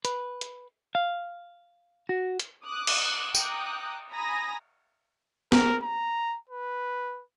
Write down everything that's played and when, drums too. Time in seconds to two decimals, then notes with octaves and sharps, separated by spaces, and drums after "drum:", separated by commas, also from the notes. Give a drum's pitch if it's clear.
0.05 B4, drum: hi-hat
0.41 drum: hi-hat
0.95 F5
2.09 F#4
2.40 drum: hi-hat
2.65 D6 D#6 F#6
2.87 drum: cymbal
3.35 G5 A#5 D6 D#6 F#6, drum: tambourine
4.12 G#5 A#5 B5 D#6 A#6
5.52 A#4, drum: snare B3
5.83 A#5
6.49 B4